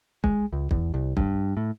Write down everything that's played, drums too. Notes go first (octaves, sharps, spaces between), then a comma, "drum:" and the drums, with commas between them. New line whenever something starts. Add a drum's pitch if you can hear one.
G#3, drum: kick
C#2
E2, drum: kick
C2
G2, drum: kick
A2